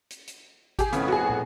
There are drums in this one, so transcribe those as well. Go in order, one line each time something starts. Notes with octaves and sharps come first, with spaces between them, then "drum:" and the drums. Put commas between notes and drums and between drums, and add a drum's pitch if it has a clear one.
drum: hi-hat
drum: hi-hat
G4 G#4, drum: kick G#1, hi-hat
F2 A2 C#3 B3, drum: hi-hat
F#4 G#4
drum: tom